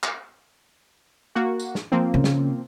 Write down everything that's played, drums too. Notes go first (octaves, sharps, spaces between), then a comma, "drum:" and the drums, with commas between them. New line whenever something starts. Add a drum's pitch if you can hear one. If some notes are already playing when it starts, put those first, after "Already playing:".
drum: clap
A#3 F#4
drum: tambourine
drum: snare
F3 A#3 C4
C#3
drum: snare